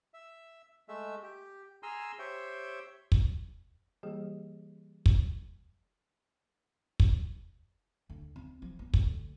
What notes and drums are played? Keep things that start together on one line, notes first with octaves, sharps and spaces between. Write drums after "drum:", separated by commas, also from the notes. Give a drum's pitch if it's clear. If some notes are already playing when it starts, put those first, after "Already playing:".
E5
G#3 A3 E5
G4
G#4 G#5 A#5 C6 E6 F6
G4 C5 C#5 E5 G5
drum: kick
E3 G3 A#3 G4 G#4
drum: kick
drum: kick
D2
C4
F3
B3
D2, drum: kick